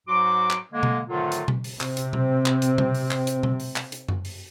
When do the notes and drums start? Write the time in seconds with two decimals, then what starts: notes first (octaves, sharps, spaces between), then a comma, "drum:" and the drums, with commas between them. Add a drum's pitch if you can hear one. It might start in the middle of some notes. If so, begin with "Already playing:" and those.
0.08 G#2 F#3 F#4 C6 D6
0.50 drum: clap
0.72 D3 G#3 A#3
0.83 drum: tom B2
1.08 G#2 D3 D#3 F#3 A3 F4
1.32 drum: hi-hat
1.48 drum: tom B2
1.64 drum: open hi-hat
1.81 C3 C4, drum: clap
1.97 drum: hi-hat
2.13 drum: tom B2
2.46 drum: clap
2.62 drum: hi-hat
2.78 drum: tom B2
2.95 drum: open hi-hat
3.11 drum: clap
3.27 drum: hi-hat
3.43 drum: tom B2
3.60 drum: open hi-hat
3.76 drum: clap
3.92 drum: hi-hat
4.08 drum: tom F#2
4.25 drum: open hi-hat